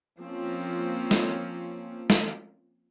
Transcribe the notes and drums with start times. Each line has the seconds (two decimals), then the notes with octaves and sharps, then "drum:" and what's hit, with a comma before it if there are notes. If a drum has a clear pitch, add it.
0.21 F3 A#3 C4 C#4
1.11 drum: snare
2.10 drum: snare